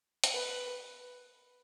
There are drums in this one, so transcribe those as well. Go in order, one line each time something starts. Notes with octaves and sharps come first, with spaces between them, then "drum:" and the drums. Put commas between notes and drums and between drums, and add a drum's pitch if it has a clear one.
drum: hi-hat
B4